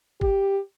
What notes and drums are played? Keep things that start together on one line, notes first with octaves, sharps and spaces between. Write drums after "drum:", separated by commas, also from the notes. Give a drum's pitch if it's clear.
G4, drum: kick